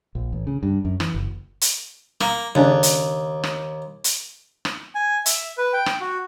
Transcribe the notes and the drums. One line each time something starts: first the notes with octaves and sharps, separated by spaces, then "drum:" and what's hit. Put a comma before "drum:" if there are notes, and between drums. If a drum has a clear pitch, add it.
A#1
A1
C#3
G2
F#2
E3, drum: rim click
F#1
drum: hi-hat
A#3, drum: rim click
D#2 C#3 D4
drum: hi-hat
drum: rim click
drum: hi-hat
drum: rim click
G#5
E5, drum: hi-hat
B4
G5
drum: rim click
F#4